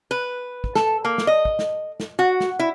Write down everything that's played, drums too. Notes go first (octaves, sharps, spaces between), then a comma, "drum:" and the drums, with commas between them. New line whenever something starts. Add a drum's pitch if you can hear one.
B4
drum: kick
A4, drum: snare
A#3
drum: snare
D#5
drum: kick
drum: snare
drum: snare
F#4
drum: snare
E4